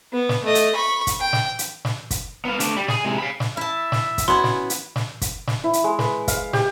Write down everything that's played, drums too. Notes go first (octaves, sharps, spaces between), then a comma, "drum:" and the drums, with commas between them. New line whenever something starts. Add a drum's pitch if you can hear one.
B3
drum: snare
A3 D#5
drum: hi-hat
B5 C#6
drum: kick, hi-hat
G5
drum: snare
drum: hi-hat
drum: snare
drum: kick, hi-hat
B3 F5
A3 D4, drum: hi-hat
G3
G#4, drum: snare
C3 G#3
F5 B5
drum: snare
E4 E5 A5
drum: snare
drum: kick, hi-hat
B3 C#4 E4 F#4 G#5 C6
drum: snare
drum: hi-hat
drum: snare
drum: kick, hi-hat
drum: snare
E4
drum: hi-hat
G#3
B4, drum: snare
F5, drum: kick, hi-hat
G4, drum: snare